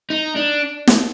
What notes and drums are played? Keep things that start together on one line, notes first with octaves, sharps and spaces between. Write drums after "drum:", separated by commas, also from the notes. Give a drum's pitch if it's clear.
D#4
D4
drum: snare